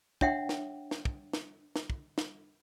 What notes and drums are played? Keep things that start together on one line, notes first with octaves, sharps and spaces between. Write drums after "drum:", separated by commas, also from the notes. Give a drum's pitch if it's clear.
D4 C#5 E5 F#5 G5, drum: kick
drum: snare
drum: snare
drum: kick
drum: snare
drum: snare
drum: kick
drum: snare